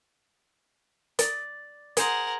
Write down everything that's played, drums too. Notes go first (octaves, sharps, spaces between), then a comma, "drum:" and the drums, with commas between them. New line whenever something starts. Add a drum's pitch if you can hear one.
D5, drum: hi-hat
G#4 A#4 C5 F#5, drum: hi-hat